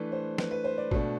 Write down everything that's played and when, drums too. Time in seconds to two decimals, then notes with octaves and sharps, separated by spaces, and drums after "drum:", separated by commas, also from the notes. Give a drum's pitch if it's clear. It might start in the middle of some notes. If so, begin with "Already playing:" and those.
Already playing: E3 A3 D4 B4
0.12 C5
0.38 B4, drum: snare
0.51 B4
0.64 C5
0.78 D5
0.91 B2 A3 D4, drum: kick